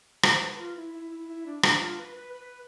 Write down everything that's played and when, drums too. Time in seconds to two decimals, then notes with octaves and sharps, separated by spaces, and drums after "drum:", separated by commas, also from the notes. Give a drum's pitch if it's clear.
0.23 C5, drum: rim click
0.41 B4
0.58 F4
0.76 E4
0.93 E4
1.11 E4
1.28 E4
1.46 D4
1.63 D4, drum: rim click
1.81 F4
1.98 B4
2.16 B4
2.33 B4